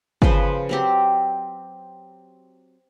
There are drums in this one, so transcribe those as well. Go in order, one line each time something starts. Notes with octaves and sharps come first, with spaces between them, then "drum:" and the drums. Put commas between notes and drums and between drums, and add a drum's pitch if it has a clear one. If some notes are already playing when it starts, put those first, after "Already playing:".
C#3 F3 B4 C5, drum: kick
F#3 C4 G4